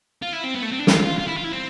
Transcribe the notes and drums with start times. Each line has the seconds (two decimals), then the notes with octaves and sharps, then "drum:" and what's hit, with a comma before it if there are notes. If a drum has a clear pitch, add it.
0.22 F4
0.33 E4
0.43 C4
0.55 B3
0.62 A3
0.70 C4
0.79 D4
0.87 F4, drum: snare
1.03 F4
1.19 F4
1.28 E4
1.36 F4
1.44 E4
1.52 C4